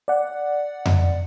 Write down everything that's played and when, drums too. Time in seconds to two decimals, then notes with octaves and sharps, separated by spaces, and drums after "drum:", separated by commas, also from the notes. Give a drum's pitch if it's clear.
0.08 D5 F#5
0.86 drum: tom F2